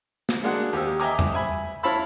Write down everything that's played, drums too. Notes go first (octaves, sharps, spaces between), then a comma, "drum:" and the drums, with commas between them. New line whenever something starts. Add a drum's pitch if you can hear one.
drum: snare
G#3 A#3 D4 F#4 F#5
D#2 G4 D#6 E6
D#5 E5 G5 G#5 A#5 D6
G2, drum: tom E2
E5 G#5 B5
E4 C#5 F5 A5 B5 E6